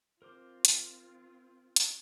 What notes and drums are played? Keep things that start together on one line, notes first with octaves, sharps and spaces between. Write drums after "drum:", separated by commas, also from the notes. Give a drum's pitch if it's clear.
C4 F4 A#4 C5 D6
drum: hi-hat
drum: hi-hat